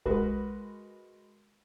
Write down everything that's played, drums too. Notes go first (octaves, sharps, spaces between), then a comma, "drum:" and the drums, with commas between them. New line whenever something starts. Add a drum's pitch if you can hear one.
G#3 F#4 A#4 B4, drum: kick